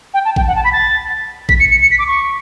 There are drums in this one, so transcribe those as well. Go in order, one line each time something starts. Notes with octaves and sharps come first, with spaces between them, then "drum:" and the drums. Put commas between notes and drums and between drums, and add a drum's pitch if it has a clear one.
G5
A5
G5, drum: kick A1
F#5
A5
B5
A6
B6, drum: kick A1
C#7
C#7
C#7
B6
D6
C#6